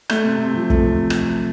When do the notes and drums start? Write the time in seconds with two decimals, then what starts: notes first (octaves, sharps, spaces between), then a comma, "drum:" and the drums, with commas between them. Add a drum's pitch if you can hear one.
0.10 A3 G6, drum: rim click
0.25 C3
0.41 C3
0.55 F3
0.70 A3, drum: kick
0.85 C3
1.10 drum: rim click